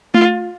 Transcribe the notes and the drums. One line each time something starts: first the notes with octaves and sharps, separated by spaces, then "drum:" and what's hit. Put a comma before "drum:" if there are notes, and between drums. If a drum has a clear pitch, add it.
F4, drum: tom A3